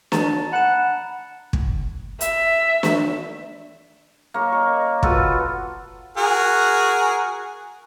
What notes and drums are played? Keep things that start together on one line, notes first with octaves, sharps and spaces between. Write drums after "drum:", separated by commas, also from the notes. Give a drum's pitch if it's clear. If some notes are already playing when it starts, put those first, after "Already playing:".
A5 A#5 A6, drum: snare
F#5 B5 E7
drum: kick
E5, drum: hi-hat
drum: snare
A#3 C#5
D#5 C#6
F4 F#4 A4 B4, drum: kick
F#4 G#4 A#4